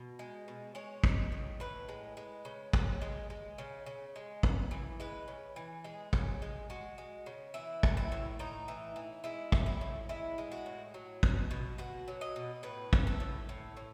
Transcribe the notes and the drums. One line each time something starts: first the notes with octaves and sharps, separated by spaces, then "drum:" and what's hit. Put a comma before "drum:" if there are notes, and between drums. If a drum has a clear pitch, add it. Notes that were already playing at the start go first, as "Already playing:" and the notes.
Already playing: B2
G#3
B2
G#3 C#5
G#3, drum: kick
A2
A2 B4
G#3
G#3
C#3
C#3, drum: kick
G#3
G#3
C#3
C#3
G#3
C#3, drum: kick
E3
G#3 B4
C#3
E3
G#3 G#4
C#3, drum: kick
G#3
G#3 F#4
G#3
C#3
E3 E4
A2, drum: kick
E4
A2
A2 D#4
E3
E3
G#3 E4
A2, drum: kick
E4
A2
G#3 E4
G#3
F#4
A2
F#3
B2, drum: kick
B2
B2 F#4
F#3
D#5
B2
A2 B4
A2, drum: kick
A4
A2
A2
A2